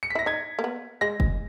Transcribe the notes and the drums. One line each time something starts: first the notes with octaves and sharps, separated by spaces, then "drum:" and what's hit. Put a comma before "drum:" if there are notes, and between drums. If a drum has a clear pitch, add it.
C#7
B6
E4 A#6
D#4 G#6
A#3
B3
G#3 A#6
drum: kick